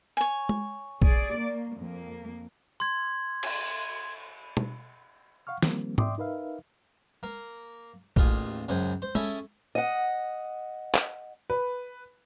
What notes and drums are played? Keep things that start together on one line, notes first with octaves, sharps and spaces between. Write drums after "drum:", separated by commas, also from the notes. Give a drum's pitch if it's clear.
C#5 G#5
drum: tom G#3
G#4 D5, drum: kick A#1
A#3
F2 A#3
C6 G#6
drum: cymbal
drum: tom
F5 F#5 C#6 F6
D#3 F3 G3 A#3 C4, drum: snare
D5 E5 G5 C6 D6 D#6, drum: tom G#2
D#4 A#4 B4 E5 F5
A#3
A1 D#2 F4 G#4, drum: kick A#1
C#2 F#2 G#4 C5
C5
C#4 E4 G#4 A4 E5, drum: tom G#3
D#5 F#5
drum: clap
B4